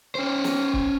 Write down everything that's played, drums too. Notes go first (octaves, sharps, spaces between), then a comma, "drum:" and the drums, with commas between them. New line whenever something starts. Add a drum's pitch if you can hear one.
C#4 C5
drum: snare
drum: kick C#1